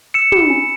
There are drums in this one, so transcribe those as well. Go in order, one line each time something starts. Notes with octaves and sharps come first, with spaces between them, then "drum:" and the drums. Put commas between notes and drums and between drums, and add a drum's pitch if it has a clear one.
E6 C#7 E7
B5, drum: tom
G#5